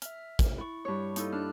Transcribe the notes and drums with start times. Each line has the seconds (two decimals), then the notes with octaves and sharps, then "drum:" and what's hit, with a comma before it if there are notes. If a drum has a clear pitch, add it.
0.02 E5 F6, drum: hi-hat
0.39 drum: kick, hi-hat
0.58 E4 C#6
0.85 G2 C#5
1.16 A#3 D#4 E4 A4, drum: hi-hat
1.32 D4 F6 F#6